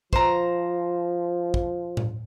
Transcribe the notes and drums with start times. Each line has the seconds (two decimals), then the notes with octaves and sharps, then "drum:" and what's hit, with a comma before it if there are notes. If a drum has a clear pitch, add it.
0.13 F3 C5 A#5, drum: kick
1.54 drum: kick
1.97 drum: tom A2